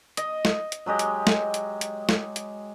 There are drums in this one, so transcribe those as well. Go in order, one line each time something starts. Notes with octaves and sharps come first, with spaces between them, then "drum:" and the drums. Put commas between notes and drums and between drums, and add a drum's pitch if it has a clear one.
D#5, drum: hi-hat
drum: snare
drum: hi-hat
F#3 G#3 G4 D#5
drum: hi-hat
drum: snare
drum: hi-hat
drum: hi-hat
drum: snare
drum: hi-hat